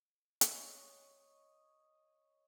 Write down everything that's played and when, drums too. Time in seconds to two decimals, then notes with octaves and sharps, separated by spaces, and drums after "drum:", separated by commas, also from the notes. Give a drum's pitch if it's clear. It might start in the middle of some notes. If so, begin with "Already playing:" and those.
0.41 C#5 D#5, drum: hi-hat